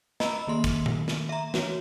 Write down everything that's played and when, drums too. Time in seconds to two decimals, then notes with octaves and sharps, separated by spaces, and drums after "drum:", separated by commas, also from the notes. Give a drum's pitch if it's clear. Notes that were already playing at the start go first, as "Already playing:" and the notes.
0.20 D#5 A#5 B5 E6, drum: snare
0.47 D#3 A#3 C6
0.64 drum: kick, hi-hat
0.86 drum: tom A#2
1.08 drum: snare
1.29 E5 A#5
1.54 E3 F#4 C#5, drum: snare